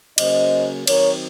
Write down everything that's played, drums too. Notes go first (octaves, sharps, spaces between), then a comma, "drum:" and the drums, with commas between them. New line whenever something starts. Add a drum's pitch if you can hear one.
C#3 F#3 A#3 C#4 C5 D#5, drum: cymbal
D#3 F#3 C4 A#4 C#5, drum: cymbal